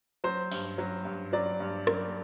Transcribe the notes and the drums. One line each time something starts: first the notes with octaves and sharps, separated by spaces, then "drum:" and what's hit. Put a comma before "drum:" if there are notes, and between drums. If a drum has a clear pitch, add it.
F#3 C5
G2, drum: open hi-hat
F#3
G2
F#3 D5
G2
F#3, drum: rim click